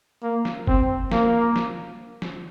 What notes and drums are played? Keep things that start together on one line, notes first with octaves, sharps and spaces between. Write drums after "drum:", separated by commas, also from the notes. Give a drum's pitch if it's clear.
A#3
drum: snare
C4, drum: kick F#1
A#3, drum: snare
drum: snare
drum: snare